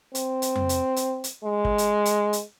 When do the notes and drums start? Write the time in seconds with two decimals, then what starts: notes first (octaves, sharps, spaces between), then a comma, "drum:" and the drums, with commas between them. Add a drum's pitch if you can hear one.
0.15 C4, drum: hi-hat
0.42 drum: hi-hat
0.56 drum: tom F2
0.69 drum: hi-hat
0.96 drum: hi-hat
1.24 drum: hi-hat
1.44 G#3
1.65 drum: kick
1.78 drum: hi-hat
2.05 drum: hi-hat
2.33 drum: hi-hat